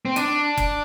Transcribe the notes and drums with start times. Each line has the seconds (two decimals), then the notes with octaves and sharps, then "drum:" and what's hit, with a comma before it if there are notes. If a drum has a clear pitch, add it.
0.05 C4
0.16 D4, drum: hi-hat
0.57 drum: kick F1, hi-hat